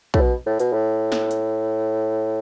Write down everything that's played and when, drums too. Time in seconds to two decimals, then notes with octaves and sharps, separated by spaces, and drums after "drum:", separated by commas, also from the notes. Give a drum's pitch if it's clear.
0.14 A2, drum: kick
0.20 B2
0.46 A2
0.59 B2, drum: hi-hat
0.73 A2
1.12 drum: snare
1.31 drum: hi-hat